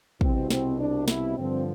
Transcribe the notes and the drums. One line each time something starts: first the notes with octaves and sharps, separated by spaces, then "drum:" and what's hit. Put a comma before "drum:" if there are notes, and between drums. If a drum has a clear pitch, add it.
C2 B2 C4, drum: kick
C4, drum: snare
D4
E4, drum: snare
G2 D3 F3 C4